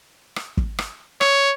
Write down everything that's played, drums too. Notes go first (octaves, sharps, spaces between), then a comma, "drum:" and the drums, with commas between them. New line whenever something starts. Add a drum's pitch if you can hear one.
drum: rim click
drum: kick
drum: rim click
C#5, drum: rim click